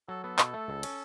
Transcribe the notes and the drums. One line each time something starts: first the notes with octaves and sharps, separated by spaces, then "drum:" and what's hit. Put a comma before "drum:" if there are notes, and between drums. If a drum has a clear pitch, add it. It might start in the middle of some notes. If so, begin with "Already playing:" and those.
F#3 A4
B3 A4
B2, drum: clap
A3
C#2
C#4, drum: cymbal